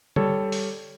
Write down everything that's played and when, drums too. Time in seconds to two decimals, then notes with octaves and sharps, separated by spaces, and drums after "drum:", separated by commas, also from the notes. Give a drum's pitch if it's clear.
0.16 G3 A4 C#5, drum: tom
0.52 drum: open hi-hat